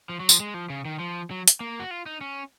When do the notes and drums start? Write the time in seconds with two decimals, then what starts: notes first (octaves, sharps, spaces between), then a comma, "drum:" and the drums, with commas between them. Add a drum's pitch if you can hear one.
0.09 F3
0.20 F#3
0.29 F3, drum: tambourine
0.40 G#3
0.54 F3
0.70 C#3
0.85 D#3
0.99 F3
1.31 F#3
1.48 drum: hi-hat
1.60 A#3
1.80 F#4
1.91 F4
2.06 D#4
2.21 C#4